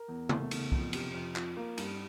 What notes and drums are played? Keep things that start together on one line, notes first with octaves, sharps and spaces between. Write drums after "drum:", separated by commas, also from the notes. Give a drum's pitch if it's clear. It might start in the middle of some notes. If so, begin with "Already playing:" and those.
Already playing: A#4
E2
A3, drum: tom C#3
E2, drum: cymbal
F2, drum: kick C2
C3, drum: cymbal
F2
F3, drum: clap
A#3
G2, drum: cymbal